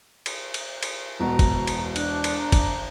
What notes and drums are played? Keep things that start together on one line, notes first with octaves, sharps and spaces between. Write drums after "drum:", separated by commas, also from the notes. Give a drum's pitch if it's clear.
drum: cymbal
drum: cymbal
drum: cymbal
E1 B2 F#4 A#5
drum: kick, cymbal
drum: cymbal
D4 F#6, drum: cymbal
drum: cymbal
A#5
drum: kick, cymbal